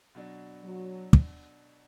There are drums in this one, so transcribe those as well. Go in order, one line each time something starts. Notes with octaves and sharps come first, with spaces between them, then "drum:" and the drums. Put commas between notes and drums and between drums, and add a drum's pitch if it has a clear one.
B2 F#3 D4
F#3
drum: kick